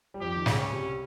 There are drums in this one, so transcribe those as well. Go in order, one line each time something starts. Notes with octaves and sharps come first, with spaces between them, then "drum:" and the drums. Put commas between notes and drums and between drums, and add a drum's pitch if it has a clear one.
G3
F2 F3 G4
D#3
C#2 C#3, drum: snare
C#4
C2 C3